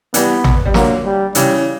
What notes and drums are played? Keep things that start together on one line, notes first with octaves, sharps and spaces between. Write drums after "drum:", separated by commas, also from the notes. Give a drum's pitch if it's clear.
E3 G3 B3, drum: hi-hat
drum: tom A1
G3
D3 F#3 A#3, drum: snare
G3
C#3 E3 G3, drum: hi-hat